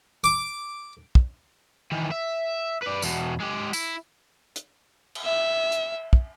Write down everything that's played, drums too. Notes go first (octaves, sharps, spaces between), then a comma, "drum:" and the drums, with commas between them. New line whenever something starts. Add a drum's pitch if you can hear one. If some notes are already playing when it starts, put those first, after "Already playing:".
D6
drum: kick
D#3 E3
E5
B4 D5
E2 B2, drum: tambourine
G#3 G4
E4, drum: tambourine
drum: hi-hat
drum: cymbal
E5
drum: hi-hat
drum: kick